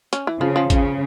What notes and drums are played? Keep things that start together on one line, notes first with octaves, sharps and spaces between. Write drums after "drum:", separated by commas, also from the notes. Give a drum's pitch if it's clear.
C#4, drum: hi-hat
E3
C#3 F3
F3
C#3, drum: kick G#1, hi-hat